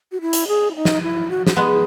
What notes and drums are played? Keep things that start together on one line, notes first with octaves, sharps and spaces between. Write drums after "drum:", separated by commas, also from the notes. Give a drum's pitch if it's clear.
F#4
E4
drum: hi-hat
G#4
E4
D#4
drum: snare
E4
F#4
F#4, drum: snare
G#3 B3 G#4